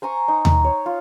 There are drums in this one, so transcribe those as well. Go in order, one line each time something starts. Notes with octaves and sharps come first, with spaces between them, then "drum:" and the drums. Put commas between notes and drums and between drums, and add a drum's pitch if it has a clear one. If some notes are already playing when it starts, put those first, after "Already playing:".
C5 G#5 A#5 C#6
D#4
drum: tom D#2
C#5
F4